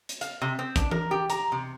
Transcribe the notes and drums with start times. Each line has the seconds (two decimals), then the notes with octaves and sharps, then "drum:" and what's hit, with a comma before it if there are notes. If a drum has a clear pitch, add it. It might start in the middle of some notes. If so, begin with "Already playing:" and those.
0.09 drum: hi-hat
0.21 F5, drum: hi-hat
0.42 C3
0.59 C4
0.76 D4, drum: kick, hi-hat
0.91 A#4, drum: tom E3
1.11 G4
1.30 A#5, drum: hi-hat
1.52 C3